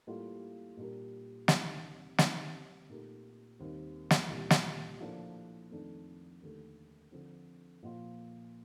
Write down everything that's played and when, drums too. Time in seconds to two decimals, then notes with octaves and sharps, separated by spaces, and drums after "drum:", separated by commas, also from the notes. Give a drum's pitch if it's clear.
0.07 A2 G3 A#3 F4
0.77 A#2 G3 D4 G4 A#4
1.48 C2 C3 D#3 G3 D4, drum: snare
2.18 D#3 G3 C4 D#4, drum: snare
2.89 A#2 A3 D#4 G4 A#4
3.59 D#2 D#3 G3 C4
4.11 drum: snare
4.29 C2 A#2 G3
4.50 drum: snare
5.00 A2 F3 A#3 D4
5.71 F2 D#3 A3 D4
6.42 D#2 D3 A3
7.12 D3 F3 C4
7.83 A#2 F3 A#3 F4